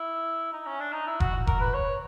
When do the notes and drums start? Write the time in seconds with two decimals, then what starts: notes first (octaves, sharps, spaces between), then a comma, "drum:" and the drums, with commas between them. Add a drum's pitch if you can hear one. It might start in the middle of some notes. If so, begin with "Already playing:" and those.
Already playing: E4
0.53 D#4
0.66 C#4
0.80 D4
0.92 D#4
1.07 E4
1.20 F#4, drum: kick F1
1.47 A#4, drum: kick F1
1.61 B4
1.74 C#5